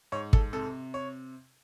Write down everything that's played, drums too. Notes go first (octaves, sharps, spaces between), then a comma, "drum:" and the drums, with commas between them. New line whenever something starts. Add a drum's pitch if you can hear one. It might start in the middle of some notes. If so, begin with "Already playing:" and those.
G#2 C#5
A4, drum: kick
C3 A4
C#5